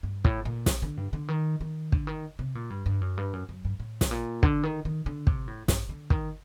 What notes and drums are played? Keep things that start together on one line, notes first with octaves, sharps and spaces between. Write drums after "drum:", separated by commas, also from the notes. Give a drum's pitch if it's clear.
G2
A2, drum: kick
A#2
drum: snare
D3
G2
D3
D#3
D#3
D3, drum: kick
D#3
C3
A#2
G2
G2
F#2
G2
F#2
F#2
G2
A2
drum: snare
A#2
D3, drum: kick
D#3
D#3
D3
C3, drum: kick
A2
G2, drum: snare
D3
D#3, drum: kick